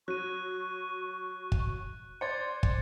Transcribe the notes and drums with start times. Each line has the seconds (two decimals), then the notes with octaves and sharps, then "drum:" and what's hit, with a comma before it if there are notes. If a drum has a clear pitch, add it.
0.08 F#3 C#6 F#6 D#7
1.52 drum: kick
2.21 C5 D5 C6 G#6 A6 C#7
2.63 drum: kick